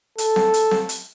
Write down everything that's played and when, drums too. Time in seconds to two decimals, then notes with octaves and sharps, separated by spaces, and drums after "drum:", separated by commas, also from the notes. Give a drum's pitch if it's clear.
0.18 A4, drum: hi-hat
0.36 drum: snare C4
0.54 drum: hi-hat
0.71 drum: snare C4
0.89 drum: hi-hat